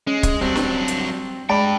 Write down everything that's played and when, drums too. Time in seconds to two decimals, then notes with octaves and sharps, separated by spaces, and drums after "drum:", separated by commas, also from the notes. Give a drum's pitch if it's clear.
0.07 G#3 C#4
0.23 drum: kick, hi-hat
0.41 F#3 G3 C4 D4
0.56 drum: snare
0.88 drum: hi-hat
1.49 G#3 D4 D5 G5 A5 B5